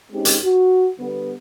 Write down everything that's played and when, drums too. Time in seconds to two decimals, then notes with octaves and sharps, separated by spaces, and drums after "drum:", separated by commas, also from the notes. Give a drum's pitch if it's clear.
0.12 G#3 C4 C#4 D#4 G4
0.25 drum: hi-hat
0.43 F#4
0.99 D3 G3 B3